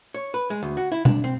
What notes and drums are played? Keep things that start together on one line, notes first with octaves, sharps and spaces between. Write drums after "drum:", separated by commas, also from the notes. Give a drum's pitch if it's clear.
C#5
B4
G#3
D2
F#4
E4
D4, drum: tom B2
C4